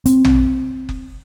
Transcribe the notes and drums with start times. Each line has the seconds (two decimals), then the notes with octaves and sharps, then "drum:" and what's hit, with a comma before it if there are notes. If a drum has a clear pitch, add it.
0.06 C4, drum: hi-hat
0.24 drum: tom
0.89 drum: kick F#1